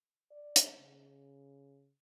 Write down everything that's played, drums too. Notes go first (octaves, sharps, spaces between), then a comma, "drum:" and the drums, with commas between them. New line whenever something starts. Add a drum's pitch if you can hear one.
D5
drum: hi-hat
C#3